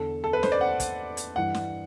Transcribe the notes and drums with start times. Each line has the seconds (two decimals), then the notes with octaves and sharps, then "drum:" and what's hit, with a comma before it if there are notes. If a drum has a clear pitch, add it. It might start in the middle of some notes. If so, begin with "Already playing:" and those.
Already playing: E2 D3 A4
0.24 A4
0.33 B4
0.43 C5, drum: snare
0.52 D5
0.61 F#5
0.80 drum: kick, hi-hat
1.17 drum: hi-hat
1.36 G2 E3 F#5
1.54 drum: snare